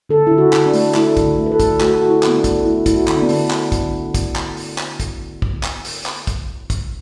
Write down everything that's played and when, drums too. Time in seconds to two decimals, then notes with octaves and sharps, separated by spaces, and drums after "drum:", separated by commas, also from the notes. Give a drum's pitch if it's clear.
0.09 D3 A4
0.27 D3 E4
0.38 F#4
0.53 D3, drum: clap
0.66 D4
0.73 A3, drum: open hi-hat
0.95 A3 E4, drum: clap
1.17 D3, drum: kick, hi-hat
1.38 A3
1.46 B4
1.52 A4
1.60 A3, drum: kick, hi-hat
1.81 A3 F#4, drum: clap
2.02 D3 F#4
2.09 E4
2.23 D3 B3, drum: clap
2.37 D4
2.44 A3, drum: kick, hi-hat
2.65 A3 E4
2.86 A3 E4, drum: kick, hi-hat
2.94 F#4
3.08 D3, drum: clap
3.17 D4
3.23 B3
3.29 D3, drum: open hi-hat
3.51 drum: clap
3.72 drum: kick, hi-hat
4.14 drum: kick, hi-hat
4.36 drum: clap
4.57 drum: open hi-hat
4.78 drum: clap
5.00 drum: kick, hi-hat
5.42 drum: kick
5.63 drum: clap
5.85 drum: open hi-hat
6.06 drum: clap
6.27 drum: kick, hi-hat
6.70 drum: kick, hi-hat